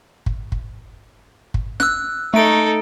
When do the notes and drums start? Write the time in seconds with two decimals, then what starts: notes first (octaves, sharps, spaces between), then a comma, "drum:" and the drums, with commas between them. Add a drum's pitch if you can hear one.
0.26 drum: kick
0.52 drum: kick
1.54 drum: kick
1.80 E6 F#6, drum: snare
2.34 A3 D#4 A4 D7